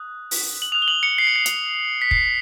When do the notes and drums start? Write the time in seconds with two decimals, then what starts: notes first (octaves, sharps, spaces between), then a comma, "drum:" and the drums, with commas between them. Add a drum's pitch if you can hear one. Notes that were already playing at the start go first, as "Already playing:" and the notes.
Already playing: D#6 F#6
0.31 drum: open hi-hat
0.62 F#7
0.72 D#6 F#6 F7
0.82 G7
0.88 F#7
1.03 C#7
1.18 C7
1.27 C#7
1.36 C7
1.46 drum: hi-hat
2.02 B6
2.11 C7, drum: kick